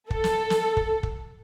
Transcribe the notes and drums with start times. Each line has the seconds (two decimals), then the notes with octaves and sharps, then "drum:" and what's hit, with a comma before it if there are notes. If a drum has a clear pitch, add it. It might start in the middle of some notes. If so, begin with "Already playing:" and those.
0.10 A4, drum: kick
0.24 drum: snare
0.50 drum: snare
0.77 drum: kick
1.03 drum: kick